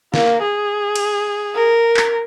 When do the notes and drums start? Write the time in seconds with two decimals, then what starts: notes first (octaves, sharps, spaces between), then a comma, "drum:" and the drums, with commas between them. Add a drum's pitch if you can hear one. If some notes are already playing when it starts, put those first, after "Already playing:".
0.14 A#3, drum: snare
0.42 G#4
0.95 drum: cymbal
1.55 A#4
1.97 drum: clap